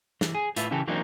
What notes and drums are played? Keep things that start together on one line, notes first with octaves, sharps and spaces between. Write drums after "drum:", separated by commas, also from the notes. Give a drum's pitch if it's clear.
E3, drum: snare
G#4
A2 F4 B4 E5, drum: hi-hat
C#3 E3 G4 A4
E3 F#3 A#3 C4 D4 D#4